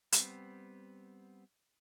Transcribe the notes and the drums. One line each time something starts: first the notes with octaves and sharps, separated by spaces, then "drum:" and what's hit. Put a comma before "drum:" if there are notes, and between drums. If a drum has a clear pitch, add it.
G3 B3 C4, drum: hi-hat